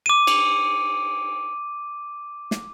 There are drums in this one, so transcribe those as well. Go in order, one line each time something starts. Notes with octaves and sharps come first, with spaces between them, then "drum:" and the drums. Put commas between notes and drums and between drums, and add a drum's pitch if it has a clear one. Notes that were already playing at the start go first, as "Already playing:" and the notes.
D6 D#7
drum: cymbal
drum: snare